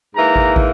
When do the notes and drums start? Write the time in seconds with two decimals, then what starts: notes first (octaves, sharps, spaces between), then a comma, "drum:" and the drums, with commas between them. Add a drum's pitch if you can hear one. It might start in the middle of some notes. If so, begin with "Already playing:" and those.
0.15 G#2 E3 A#3 A#5
0.36 drum: kick
0.56 drum: kick